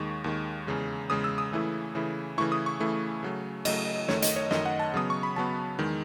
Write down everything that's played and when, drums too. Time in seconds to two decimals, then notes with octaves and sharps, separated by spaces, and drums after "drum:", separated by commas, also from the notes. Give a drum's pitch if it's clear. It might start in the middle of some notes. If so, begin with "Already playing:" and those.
Already playing: D#2 D#3 G#3 C#6
0.24 D#2 D#3 G#3
0.67 E2 C#3 G#3
1.10 E2 C#3 G#3 D#6
1.24 E6
1.38 D#6
1.52 C#3 E3 A3 E4
1.95 C#3 E3 A3 E4
2.38 C#3 E3 A3 E4 C#6
2.52 D#6
2.66 C#6
2.80 C#3 E3 A3 E4
3.23 C#3 F#3 A3
3.65 C#3 F#3 A3 D#5, drum: cymbal
4.08 F#2 D#3 A3 C#5, drum: snare
4.22 D#5, drum: hi-hat
4.36 C#5
4.51 F#2 D#3 A3 D#5, drum: snare
4.65 F#5
4.79 A5
4.94 C#3 F#3 B3 D#6
5.10 C#6
5.23 B5
5.36 C#3 F#3 B3 A5
5.79 E2 D#3 G#3